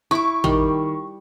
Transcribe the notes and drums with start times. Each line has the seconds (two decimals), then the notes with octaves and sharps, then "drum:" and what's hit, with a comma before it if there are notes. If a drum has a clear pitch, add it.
0.11 E4 C#6 D6
0.44 D#3 G3, drum: tom